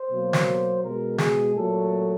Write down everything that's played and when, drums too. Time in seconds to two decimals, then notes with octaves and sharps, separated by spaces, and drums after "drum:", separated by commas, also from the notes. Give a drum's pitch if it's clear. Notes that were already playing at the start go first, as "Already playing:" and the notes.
Already playing: C5
0.09 B2 F#3 A#3
0.33 drum: snare
0.82 B2 G#3 A#4
1.18 G#4, drum: snare
1.55 A#2 F#3 A3 A4